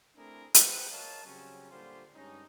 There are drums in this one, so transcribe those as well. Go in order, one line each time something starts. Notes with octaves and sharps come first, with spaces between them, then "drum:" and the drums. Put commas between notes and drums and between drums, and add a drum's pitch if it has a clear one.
A3 C4 D4 E4 G#4 A#4
G#4 B4 C5 F#5 G5, drum: hi-hat
A#4 C#5 D#5 F5 A5
C#3 F#3 G3 C4 C#4
A#2 D3 G3 F4 G4 C5
G2 G#3 C#4 D#4